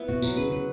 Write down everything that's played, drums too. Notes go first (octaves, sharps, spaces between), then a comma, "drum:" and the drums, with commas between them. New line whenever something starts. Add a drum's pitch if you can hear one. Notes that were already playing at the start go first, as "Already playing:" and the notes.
Already playing: B3 E4
B2 F#4
B2 F#3, drum: tambourine
C#3 B4
C#3 B4